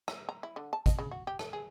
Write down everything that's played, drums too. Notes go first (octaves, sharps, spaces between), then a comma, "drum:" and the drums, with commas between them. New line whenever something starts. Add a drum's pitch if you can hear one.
A#5, drum: rim click
A#5
E4
D3
A5
D#5, drum: kick, hi-hat
C#3
F#4
G4
A4, drum: rim click
G#4